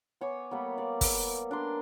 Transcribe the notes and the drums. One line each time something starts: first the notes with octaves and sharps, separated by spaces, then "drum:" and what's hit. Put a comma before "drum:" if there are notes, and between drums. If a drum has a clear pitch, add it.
B3 C#5 G#5 D6
G3 A#3 B3
D5 F5
drum: kick, open hi-hat
D4 A#4 C6